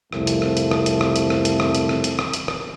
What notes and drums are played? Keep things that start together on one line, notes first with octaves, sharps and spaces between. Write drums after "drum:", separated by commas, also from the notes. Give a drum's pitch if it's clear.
C2 F2 F3 A3, drum: rim click
drum: hi-hat
drum: rim click
drum: hi-hat
drum: rim click
drum: hi-hat
drum: rim click
drum: hi-hat
drum: rim click
drum: hi-hat
drum: rim click
drum: hi-hat
drum: rim click
drum: hi-hat
drum: rim click
drum: hi-hat
drum: rim click